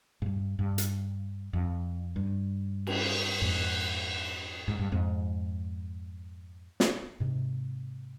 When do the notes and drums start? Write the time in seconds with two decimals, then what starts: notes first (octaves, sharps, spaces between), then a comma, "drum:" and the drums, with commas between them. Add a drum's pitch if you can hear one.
0.22 G#2
0.26 G2
0.59 G2
0.78 drum: hi-hat
1.53 F2
2.16 G2
2.87 drum: cymbal
3.42 F2 G#2
4.68 G#2
4.79 G2
4.92 F2 G#2
6.80 drum: snare
7.20 G#2 C3